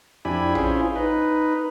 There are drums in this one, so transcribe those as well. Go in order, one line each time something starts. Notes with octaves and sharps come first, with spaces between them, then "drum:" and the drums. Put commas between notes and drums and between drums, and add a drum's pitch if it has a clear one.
F2 D4 E4 G4 G#5 B5
C#4 E4 F4 G#4 C5, drum: tom A#1
D#4 B4